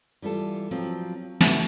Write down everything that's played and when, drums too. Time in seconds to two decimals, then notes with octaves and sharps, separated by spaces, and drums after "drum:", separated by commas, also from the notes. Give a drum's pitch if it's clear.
0.22 E3 G3 F4 A4
0.71 F3 F#3 C4
1.41 B2 A3 B4 E5 F#5, drum: snare